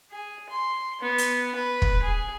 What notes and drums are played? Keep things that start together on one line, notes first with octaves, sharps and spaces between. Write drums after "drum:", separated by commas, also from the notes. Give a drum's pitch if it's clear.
G#4
C6
B3
drum: hi-hat
B4
drum: kick
G#4